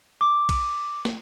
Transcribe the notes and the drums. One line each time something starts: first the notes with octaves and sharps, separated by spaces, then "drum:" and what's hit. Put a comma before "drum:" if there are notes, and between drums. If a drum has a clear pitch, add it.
D6
drum: kick, cymbal
drum: snare